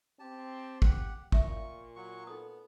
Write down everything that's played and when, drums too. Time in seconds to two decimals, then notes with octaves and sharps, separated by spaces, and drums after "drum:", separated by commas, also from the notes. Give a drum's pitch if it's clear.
0.20 C4 G4 A5
0.82 G4 F#5, drum: kick
1.32 A#2 C#5 E5 C#6, drum: kick
1.96 F#3 C#6
2.27 B3 D#4 A4 D#6